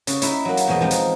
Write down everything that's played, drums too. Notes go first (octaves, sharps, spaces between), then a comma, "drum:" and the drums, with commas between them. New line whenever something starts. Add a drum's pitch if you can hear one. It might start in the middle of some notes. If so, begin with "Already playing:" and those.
C#3, drum: hi-hat
D#4 E4 E5, drum: hi-hat
F#3 A#3
drum: hi-hat
E2 B2 F3 G#3 D#5
F3 G#3 C4 D#4
drum: hi-hat